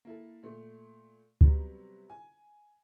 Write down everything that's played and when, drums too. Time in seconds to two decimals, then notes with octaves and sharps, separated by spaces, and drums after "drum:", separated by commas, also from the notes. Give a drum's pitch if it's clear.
0.05 A#3 E4 A4
0.43 A#2 A3
1.41 C3 F#3 G3 B3, drum: kick
2.10 G#5